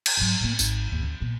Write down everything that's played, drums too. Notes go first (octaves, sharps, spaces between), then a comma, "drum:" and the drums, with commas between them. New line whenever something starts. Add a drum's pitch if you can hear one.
drum: cymbal
G#2 F#3
A2 A#3
G#1 D#4, drum: tambourine
D#2 G#2
D2 C#4
B1 A#2